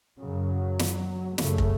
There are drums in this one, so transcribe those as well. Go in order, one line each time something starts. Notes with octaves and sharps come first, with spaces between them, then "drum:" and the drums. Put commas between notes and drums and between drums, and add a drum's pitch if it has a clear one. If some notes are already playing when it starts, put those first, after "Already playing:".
F#2 C#3 F#3
drum: snare
F#2 C#3 A3, drum: snare
drum: kick